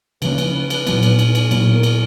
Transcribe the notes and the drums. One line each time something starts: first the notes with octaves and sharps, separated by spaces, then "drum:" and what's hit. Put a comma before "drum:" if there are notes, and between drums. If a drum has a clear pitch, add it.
C#3 F3 A#3 C#4 B4, drum: cymbal
drum: cymbal
drum: cymbal
A#2 F#3 B3, drum: cymbal
drum: cymbal
drum: cymbal
drum: cymbal
A#2 F#3 B3, drum: cymbal
A#4
drum: cymbal